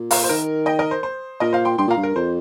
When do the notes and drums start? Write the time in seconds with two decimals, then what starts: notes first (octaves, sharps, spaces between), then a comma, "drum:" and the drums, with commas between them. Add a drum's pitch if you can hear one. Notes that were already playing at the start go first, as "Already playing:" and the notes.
Already playing: A#2
0.11 F5 A#5, drum: open hi-hat
0.24 C5
0.29 D#3 A#4
0.66 D#5 G5
0.79 A#4 D#5
0.91 C5
1.03 C5
1.40 A#2 A#4 D#5
1.53 C5 F5
1.65 G5 C6
1.78 G2 G5 C6
1.87 A#2 F5 A#5
1.97 G2
2.03 A#4
2.15 F2 C5